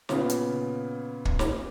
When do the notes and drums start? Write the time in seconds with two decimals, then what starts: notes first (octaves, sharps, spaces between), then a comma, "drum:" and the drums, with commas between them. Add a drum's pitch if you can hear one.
0.09 A#2 C#3 B3, drum: snare
0.30 drum: hi-hat
1.25 drum: kick
1.39 drum: snare